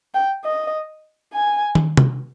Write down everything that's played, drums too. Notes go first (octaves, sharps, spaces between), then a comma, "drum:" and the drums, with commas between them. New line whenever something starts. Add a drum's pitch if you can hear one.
G5
D#5
G#5
drum: tom
drum: tom C3